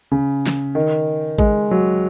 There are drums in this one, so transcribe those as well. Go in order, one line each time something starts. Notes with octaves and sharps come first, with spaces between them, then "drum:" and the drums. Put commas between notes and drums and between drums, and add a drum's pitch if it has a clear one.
C#3
drum: snare
D#3
G#3, drum: kick A1
F#3